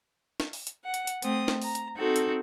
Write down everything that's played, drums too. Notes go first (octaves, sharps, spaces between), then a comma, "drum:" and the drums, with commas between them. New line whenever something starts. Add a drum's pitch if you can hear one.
drum: snare
drum: open hi-hat
drum: hi-hat
F#5
drum: hi-hat
drum: hi-hat
A3 C4 D#6, drum: hi-hat
drum: snare
A#5, drum: open hi-hat
drum: hi-hat
C4 D#4 F#4 A4
drum: hi-hat